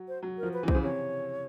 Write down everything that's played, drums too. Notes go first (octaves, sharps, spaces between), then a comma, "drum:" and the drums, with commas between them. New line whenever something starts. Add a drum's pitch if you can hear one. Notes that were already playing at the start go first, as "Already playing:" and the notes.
Already playing: F#3
C5
F#3
F3 A#4
B4
E3
C5, drum: kick B1
C#3
C3 C#5